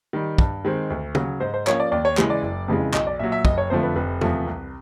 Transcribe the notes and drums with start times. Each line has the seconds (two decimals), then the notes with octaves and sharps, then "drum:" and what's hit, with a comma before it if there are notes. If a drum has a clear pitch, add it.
0.13 D#3 G3
0.38 G2, drum: kick
0.65 D#3 G#3 C4
0.90 D2
1.15 C#3 F#3, drum: tom
1.40 G#2 C5
1.54 C5
1.67 F3 A#3 C#4 C#5, drum: clap
1.80 D5
1.92 D#2 D5
2.05 C#5
2.18 C#3 E3 G#3, drum: clap
2.30 D5
2.43 F#1
2.68 F2 C#3 E3 G#3
2.94 B1 D#5, drum: clap
3.07 D5
3.20 A#2 F#3 E5
3.32 E5
3.45 F#1 D#5, drum: kick
3.58 C#5
3.70 F2 D3 F3 A3 C5
3.83 B4
3.96 F1 B4
4.21 E2 C3 F3 A3, drum: tom
4.47 C2